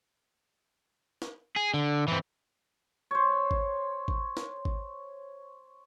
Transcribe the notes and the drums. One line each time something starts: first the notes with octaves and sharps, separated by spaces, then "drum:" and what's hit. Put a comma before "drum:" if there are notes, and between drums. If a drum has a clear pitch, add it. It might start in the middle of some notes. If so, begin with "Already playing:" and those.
drum: snare
G#4
D3
E3 C4
C5 C#5
drum: kick G#1
drum: kick G#1
drum: snare
drum: kick G#1